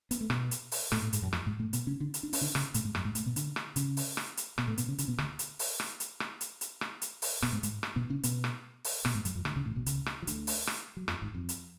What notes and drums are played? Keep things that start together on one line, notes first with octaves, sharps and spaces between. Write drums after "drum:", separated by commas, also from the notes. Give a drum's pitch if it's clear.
B3, drum: hi-hat
A3
B2 B3, drum: rim click
drum: hi-hat
drum: open hi-hat
A2 A3, drum: rim click
A2 A3
G#2 G#3, drum: hi-hat
F#2 F#3
F2 F3, drum: rim click
G#2 G#3
A2 A3
B2 B3, drum: hi-hat
C#3 C#4
D3 D4
drum: hi-hat
D4
C#4, drum: open hi-hat
D3 D4
C#3 C#4, drum: rim click
A2 A3, drum: hi-hat
G#2 G#3
F#2 F#3, drum: rim click
G#2 G#3
A2 A3, drum: hi-hat
B2 B3
D3 D4, drum: hi-hat
drum: rim click
C#3 C#4, drum: hi-hat
drum: open hi-hat
drum: rim click
drum: hi-hat
B2 B3, drum: rim click
A2 A3
B2 B3, drum: hi-hat
C#3 C#4
C#3 C#4, drum: hi-hat
B2 B3
D2 D3, drum: rim click
drum: hi-hat
drum: open hi-hat
drum: rim click
drum: hi-hat
drum: rim click
drum: hi-hat
drum: hi-hat
drum: rim click
drum: hi-hat
drum: open hi-hat
B2 B3, drum: rim click
G#2 G#3
G#2 G#3, drum: hi-hat
drum: rim click
B2 B3
C#3 C#4
B2 B3, drum: hi-hat
drum: rim click
drum: open hi-hat
B2 B3, drum: rim click
G#2 G#3
F#2 F#3, drum: hi-hat
F2 F3
D2 D3, drum: rim click
C#2 C#3
A1 A2
B1 B2
C#2 C#3, drum: hi-hat
drum: rim click
F3
D2 D3, drum: hi-hat
drum: open hi-hat
drum: rim click
F#3
F2 F3, drum: rim click
G#1 G#2
F2
drum: hi-hat